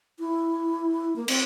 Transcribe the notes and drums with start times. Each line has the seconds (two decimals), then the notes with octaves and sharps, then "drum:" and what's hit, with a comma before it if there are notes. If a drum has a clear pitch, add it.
0.19 E4
1.16 A#3
1.28 C4, drum: cymbal